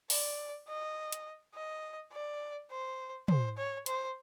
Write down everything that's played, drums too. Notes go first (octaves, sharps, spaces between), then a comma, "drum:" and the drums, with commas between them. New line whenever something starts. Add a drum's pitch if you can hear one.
D5, drum: open hi-hat
D#5
drum: hi-hat
D#5
D5
C5
C5, drum: tom
C#5
C5, drum: hi-hat